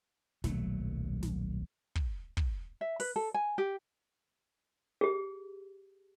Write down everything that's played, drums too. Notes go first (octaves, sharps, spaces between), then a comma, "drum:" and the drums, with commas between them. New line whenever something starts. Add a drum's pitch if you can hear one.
D#1 B1 F#3 A3, drum: snare
drum: snare
drum: kick
drum: kick
E5
B4, drum: open hi-hat
A4
G#5
G4
G4 G#4